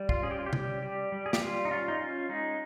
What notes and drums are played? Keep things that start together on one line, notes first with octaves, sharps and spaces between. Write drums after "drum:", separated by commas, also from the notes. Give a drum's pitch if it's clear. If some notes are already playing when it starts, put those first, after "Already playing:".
Already playing: G3
F4, drum: kick
C#4 G#4
G4
F4
G4
G3, drum: tom C3
G3 G4
G3
G#4
G4, drum: snare
G3 F4
D#4
C#4 F4
D#4
C#4 F4
G#3 D#4